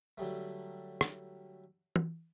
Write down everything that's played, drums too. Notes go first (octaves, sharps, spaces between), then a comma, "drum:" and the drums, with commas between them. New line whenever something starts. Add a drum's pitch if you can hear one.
D3 F#3 G3 A3
drum: rim click
drum: tom